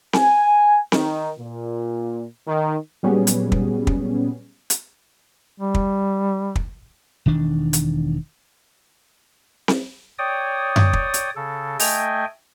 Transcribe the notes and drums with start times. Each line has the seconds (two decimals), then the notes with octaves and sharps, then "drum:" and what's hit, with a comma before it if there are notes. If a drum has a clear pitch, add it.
0.13 G#5, drum: snare C4
0.92 D#3, drum: snare C4
1.38 A#2
2.47 D#3
3.03 A#2 F#3 G3 B3 C#4 G#4
3.27 drum: hi-hat
3.52 drum: kick
3.87 drum: kick
4.70 drum: hi-hat
5.60 G3
5.74 drum: kick
6.55 drum: kick
7.26 E1 D#3 D4
7.73 drum: hi-hat
9.68 drum: snare C4
10.19 C#5 D5 G5 D#6
10.76 drum: tom F#2
10.93 drum: kick
11.14 drum: hi-hat
11.36 C#3 A4
11.79 A3 D#5 G5 G#5, drum: open hi-hat